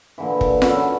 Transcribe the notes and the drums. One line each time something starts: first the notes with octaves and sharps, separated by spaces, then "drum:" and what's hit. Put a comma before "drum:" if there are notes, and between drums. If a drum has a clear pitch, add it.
A#2 D3 E3
drum: kick
C#4 F#4 A4 B4, drum: snare F4